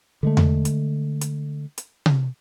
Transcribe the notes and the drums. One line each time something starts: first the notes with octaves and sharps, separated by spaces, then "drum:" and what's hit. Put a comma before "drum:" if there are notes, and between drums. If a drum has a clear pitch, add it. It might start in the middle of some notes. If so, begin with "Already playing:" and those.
D3 G#3 A3
drum: tom E2
drum: hi-hat
drum: hi-hat
drum: hi-hat
drum: tom C3